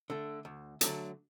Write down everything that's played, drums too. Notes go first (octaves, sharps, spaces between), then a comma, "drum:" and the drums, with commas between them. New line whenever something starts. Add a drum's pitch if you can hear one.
D3 A3
D2
D3 F#3 A3, drum: hi-hat